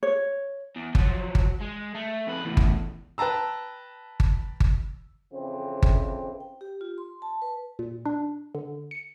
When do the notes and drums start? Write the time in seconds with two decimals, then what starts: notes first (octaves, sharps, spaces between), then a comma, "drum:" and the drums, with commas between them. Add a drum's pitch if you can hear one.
0.03 C#5
0.76 E2
0.95 F3 F#3, drum: kick G1
1.35 drum: kick G1
1.61 G#3
1.95 A3
2.27 F2 B4
2.45 E2 A2
2.57 drum: kick G1
3.18 B4 G5 A5 A#5 E6
4.20 drum: kick G1
4.60 drum: kick G1
5.32 F2 C#3 E3 C4
5.82 drum: kick G1
6.40 G5
6.61 G4
6.81 F4
6.98 C6
7.22 A5
7.42 B4
7.79 A#2
8.06 D4
8.55 D3
8.91 C#7